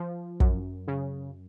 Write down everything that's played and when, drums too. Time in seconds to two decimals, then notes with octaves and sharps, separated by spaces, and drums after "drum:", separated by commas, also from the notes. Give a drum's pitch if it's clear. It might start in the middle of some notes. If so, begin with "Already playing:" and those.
Already playing: F3
0.40 F#2, drum: kick
0.88 C#3